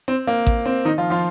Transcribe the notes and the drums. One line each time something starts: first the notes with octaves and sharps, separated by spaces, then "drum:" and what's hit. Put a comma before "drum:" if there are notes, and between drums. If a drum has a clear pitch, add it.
C4
A#3
drum: kick A1
C4
D#3 D#4
F3 F4
F3 F4